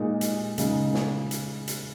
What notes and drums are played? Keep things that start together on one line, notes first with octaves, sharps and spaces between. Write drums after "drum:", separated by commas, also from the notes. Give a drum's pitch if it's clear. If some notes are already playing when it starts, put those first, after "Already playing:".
Already playing: A#2 G#3 D#4
drum: hi-hat
C#3 G#3 D#4, drum: hi-hat
drum: snare
drum: hi-hat
drum: hi-hat